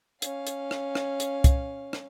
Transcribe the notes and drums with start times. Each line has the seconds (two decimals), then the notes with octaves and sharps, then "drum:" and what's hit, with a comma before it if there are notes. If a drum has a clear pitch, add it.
0.22 C#4 F5, drum: hi-hat
0.47 drum: hi-hat
0.71 drum: rim click
0.95 drum: rim click
1.20 drum: hi-hat
1.44 drum: kick, hi-hat
1.93 drum: rim click